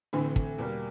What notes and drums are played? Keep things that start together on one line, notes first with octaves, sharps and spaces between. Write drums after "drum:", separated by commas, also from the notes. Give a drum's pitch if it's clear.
A2 D3 E3 A3 C4 D4
drum: kick
E2 B2 G3 A#3